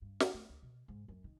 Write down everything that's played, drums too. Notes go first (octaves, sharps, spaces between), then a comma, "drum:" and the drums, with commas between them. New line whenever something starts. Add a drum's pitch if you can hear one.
G2
drum: snare
A3
D2
B2
G#2
F#2
D#3